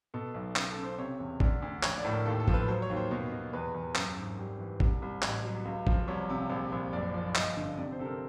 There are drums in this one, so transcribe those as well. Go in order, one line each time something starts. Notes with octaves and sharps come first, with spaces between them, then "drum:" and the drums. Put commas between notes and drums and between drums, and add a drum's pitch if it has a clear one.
B2 A4
B1
C#3, drum: clap
A4
C#3
C5
C3 C#5
E2
D2 D5, drum: kick G#1
D2
A#1 C#5, drum: clap
D5
A2
A#4
D#2 A4
A4
F3, drum: kick G#1
B4
F#3 C5
C#5
D#2
C5
B2
B2
E2 B4
E2
F#2, drum: clap
G#1
G3
E3
C2, drum: kick G#1
C2
A1, drum: clap
F#3
C#2
F3, drum: kick G#1
C2 C#5
C3
A#1
A#1
F#1 D5
F3
G1 D#5, drum: clap
D3
C3 D5
C5
C3 A4
A#4